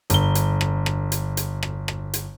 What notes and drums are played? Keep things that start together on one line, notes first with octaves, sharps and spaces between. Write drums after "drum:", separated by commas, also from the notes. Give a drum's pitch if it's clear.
G1 G7, drum: hi-hat
drum: hi-hat
drum: rim click
drum: rim click
drum: hi-hat
drum: hi-hat
drum: rim click
drum: rim click
drum: hi-hat